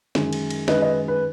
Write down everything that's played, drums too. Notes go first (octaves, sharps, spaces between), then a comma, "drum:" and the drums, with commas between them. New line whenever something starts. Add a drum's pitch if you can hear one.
F#2 D#3 G#3, drum: snare
drum: cymbal
drum: cymbal
F#2 D#3 G#3 B4 D#5, drum: snare
B4 D#5
B4